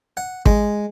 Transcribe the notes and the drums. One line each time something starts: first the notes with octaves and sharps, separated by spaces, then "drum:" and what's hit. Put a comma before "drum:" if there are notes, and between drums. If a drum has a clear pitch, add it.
F#5
G#3, drum: kick